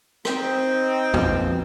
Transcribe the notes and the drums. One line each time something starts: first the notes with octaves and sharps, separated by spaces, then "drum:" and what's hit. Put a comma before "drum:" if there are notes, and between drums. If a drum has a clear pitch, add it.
C4 D#4, drum: rim click
A#1 F2 B2, drum: tom E2